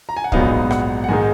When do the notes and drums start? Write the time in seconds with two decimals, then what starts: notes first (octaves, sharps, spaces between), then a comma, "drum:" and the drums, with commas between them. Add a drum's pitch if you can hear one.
0.09 A#5
0.17 G#5
0.24 F#5
0.32 A#1 G#2 F#3 B3 D#4 F5, drum: kick
0.71 F#5, drum: rim click
1.04 F#5
1.09 G#2 D#3 G#3 D#4 G#5